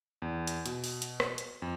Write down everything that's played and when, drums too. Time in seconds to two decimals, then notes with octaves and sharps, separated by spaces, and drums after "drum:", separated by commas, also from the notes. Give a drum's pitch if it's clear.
0.22 E2
0.47 drum: hi-hat
0.66 B2, drum: hi-hat
0.84 drum: open hi-hat
1.02 drum: hi-hat
1.20 drum: rim click
1.38 drum: hi-hat
1.62 F2